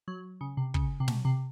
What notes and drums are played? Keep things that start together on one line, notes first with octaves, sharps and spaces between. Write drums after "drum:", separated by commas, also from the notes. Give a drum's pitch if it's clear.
F#3
C#3
C3
C#3, drum: kick
C3
B2, drum: snare
C3